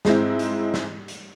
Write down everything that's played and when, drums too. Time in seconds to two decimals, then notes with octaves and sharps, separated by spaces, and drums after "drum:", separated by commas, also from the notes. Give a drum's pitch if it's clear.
0.05 G#2 G#3 C4 E4, drum: snare
0.39 drum: hi-hat
0.74 drum: snare
1.08 drum: hi-hat